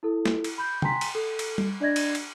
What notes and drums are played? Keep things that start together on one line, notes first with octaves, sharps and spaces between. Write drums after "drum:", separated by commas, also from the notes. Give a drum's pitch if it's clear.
E4 A4
drum: snare
drum: cymbal
B5 G6
G5 G#5 A#5 C6 B6, drum: tom C3
drum: cymbal
A4
drum: cymbal
drum: tom G3
D4 D5 D#5 G#6 A#6
drum: cymbal
drum: cymbal